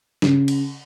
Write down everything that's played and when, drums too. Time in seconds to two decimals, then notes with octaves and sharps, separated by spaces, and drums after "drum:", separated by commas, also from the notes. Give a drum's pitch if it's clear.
0.22 C#3, drum: snare
0.48 drum: cymbal